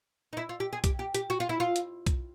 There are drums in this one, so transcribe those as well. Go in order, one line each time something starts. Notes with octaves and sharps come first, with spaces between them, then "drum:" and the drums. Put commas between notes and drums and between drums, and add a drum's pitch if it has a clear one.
D#4
E4
F4
G4
G#4
G4, drum: kick B1, hi-hat
G4
G4, drum: hi-hat
F#4
F4
E4
F4
drum: hi-hat
drum: kick B1, hi-hat